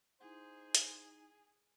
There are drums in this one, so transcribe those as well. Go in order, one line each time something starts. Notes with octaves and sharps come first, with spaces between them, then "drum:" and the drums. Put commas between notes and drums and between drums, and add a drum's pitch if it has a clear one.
D#4 E4 G#4 C5 F#5
drum: hi-hat